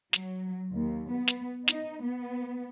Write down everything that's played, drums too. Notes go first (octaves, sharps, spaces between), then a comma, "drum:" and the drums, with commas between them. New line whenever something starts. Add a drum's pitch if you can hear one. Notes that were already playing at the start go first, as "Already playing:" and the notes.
F#3, drum: snare
D#2
B3
drum: snare
D#4, drum: snare
B3